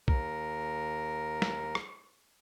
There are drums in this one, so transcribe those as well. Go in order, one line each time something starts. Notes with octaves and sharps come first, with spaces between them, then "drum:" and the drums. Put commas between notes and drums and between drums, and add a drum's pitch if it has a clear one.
D#2 A#4, drum: kick B1
drum: snare
drum: rim click